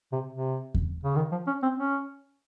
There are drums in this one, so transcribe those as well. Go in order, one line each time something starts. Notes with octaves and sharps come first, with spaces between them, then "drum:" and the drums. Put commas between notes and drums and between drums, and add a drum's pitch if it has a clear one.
C3
C3
drum: kick E2
C#3
D#3
F3
C#4
C4
C#4